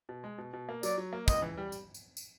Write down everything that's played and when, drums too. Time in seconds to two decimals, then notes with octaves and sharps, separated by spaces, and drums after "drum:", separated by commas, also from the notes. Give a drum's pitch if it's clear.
0.09 B2
0.24 G#3
0.38 B2
0.53 B2
0.69 A#3
0.83 F#3 D5, drum: tambourine
0.98 F#3
1.13 A#3
1.28 C#2 D#5, drum: kick, tambourine
1.42 E3
1.57 G3
1.72 drum: tambourine
1.94 drum: tambourine
2.17 drum: tambourine